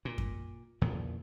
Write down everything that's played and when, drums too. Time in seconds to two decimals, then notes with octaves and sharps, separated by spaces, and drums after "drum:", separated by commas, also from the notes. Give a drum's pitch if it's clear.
0.05 A#2
0.18 drum: kick F#2
0.81 E2 A#2 C#3 F3